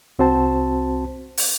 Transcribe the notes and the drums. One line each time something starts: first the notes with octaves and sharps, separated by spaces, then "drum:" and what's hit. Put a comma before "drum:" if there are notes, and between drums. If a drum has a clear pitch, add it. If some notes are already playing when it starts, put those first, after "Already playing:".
C2 C4 F#4 C5 A5
drum: open hi-hat